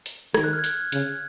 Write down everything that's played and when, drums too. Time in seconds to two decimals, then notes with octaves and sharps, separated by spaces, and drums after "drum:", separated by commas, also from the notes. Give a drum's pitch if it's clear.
0.06 drum: hi-hat
0.34 D#3 G#6, drum: rim click
0.44 F#6
0.53 F6
0.59 G#6
0.64 F#6, drum: hi-hat
0.92 C#3, drum: hi-hat